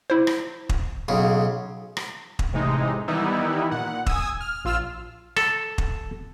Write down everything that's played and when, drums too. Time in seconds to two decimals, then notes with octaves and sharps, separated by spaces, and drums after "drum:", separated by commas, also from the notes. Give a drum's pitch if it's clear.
0.10 E4 C5
0.27 drum: rim click
0.69 drum: kick
1.08 B1 C#3
1.97 drum: rim click
2.39 drum: kick
2.53 A2 C3 E3 G#3 D#4
3.08 D#3 E3 G3 B3 D#4 E4
3.71 A#2 F#5
4.06 G#5 D#6 E6, drum: kick
4.41 F6
4.65 A#1 F4 E6 F6
5.37 A4, drum: rim click
5.78 drum: kick